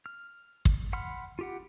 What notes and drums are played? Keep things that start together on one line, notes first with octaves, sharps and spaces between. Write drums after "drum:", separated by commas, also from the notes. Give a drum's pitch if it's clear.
F6
drum: kick
F#5 B5 C6 F6
F4 G4 F#5